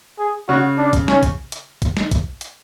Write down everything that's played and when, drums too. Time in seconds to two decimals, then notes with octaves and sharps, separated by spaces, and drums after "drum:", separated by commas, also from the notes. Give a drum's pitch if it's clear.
0.19 G#4
0.49 C#3 F#4
0.78 D4
0.93 drum: kick A#1, hi-hat
1.08 C#4, drum: snare
1.23 drum: kick A#1, hi-hat
1.52 drum: hi-hat
1.82 drum: kick A#1, hi-hat
1.97 drum: snare
2.11 drum: kick A#1, hi-hat
2.41 drum: hi-hat